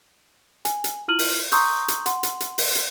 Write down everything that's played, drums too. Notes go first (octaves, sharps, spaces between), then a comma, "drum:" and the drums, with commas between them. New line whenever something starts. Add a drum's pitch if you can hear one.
G#5, drum: hi-hat
drum: hi-hat
E4 F4 F6 D#7 F#7
drum: open hi-hat
A#5 C6 C#6 D#6 E6 G6, drum: hi-hat
drum: hi-hat
F#5 C6, drum: hi-hat
drum: hi-hat
drum: hi-hat
drum: open hi-hat
drum: hi-hat